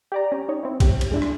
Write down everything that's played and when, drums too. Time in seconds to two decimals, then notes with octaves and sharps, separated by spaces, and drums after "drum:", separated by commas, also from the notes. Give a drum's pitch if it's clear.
0.12 G4 D5 A#5
0.32 C#4
0.49 D#4 C#5
0.63 C4 E4
0.80 B1 G4, drum: kick C2, cymbal
1.01 drum: cymbal
1.11 G#3 D4 E4
1.22 drum: rim click